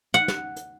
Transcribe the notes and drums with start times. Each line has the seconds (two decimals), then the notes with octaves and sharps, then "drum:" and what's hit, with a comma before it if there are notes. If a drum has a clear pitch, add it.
0.14 F#5
0.28 drum: snare
0.56 drum: hi-hat